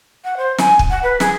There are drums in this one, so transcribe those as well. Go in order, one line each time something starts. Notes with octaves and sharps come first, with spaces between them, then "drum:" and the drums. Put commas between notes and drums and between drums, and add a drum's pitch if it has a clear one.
F#5
C5
G#5, drum: snare
drum: kick
F#5
B4
G#4, drum: snare